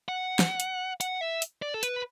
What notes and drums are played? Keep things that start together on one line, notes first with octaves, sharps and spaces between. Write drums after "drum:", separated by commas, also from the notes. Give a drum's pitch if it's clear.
F#5
drum: snare
drum: hi-hat
F#5, drum: hi-hat
E5
drum: hi-hat
D5
A4
B4, drum: hi-hat